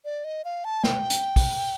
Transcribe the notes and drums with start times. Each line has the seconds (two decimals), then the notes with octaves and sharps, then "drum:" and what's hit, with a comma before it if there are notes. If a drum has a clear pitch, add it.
0.05 D5
0.24 D#5
0.45 F5
0.65 A5
0.84 G5, drum: snare
1.10 drum: hi-hat
1.36 drum: kick, open hi-hat